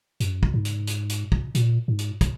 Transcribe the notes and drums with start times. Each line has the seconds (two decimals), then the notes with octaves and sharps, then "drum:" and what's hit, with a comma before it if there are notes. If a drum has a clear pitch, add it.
0.20 F#2, drum: hi-hat
0.43 drum: kick
0.54 G#2
0.65 drum: hi-hat
0.87 drum: hi-hat
1.10 drum: hi-hat
1.32 drum: kick
1.55 A#2, drum: hi-hat
1.88 G#2
1.99 drum: hi-hat
2.21 drum: kick, hi-hat